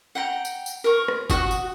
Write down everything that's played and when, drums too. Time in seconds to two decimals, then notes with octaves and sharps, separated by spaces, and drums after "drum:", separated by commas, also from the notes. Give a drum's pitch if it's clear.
0.15 F#5 G5 A#5
0.45 drum: tambourine
0.66 drum: tambourine
0.84 A#4 C#6
1.08 drum: rim click
1.30 F#4 F#5 C#6 D#6, drum: kick, tambourine
1.51 drum: tambourine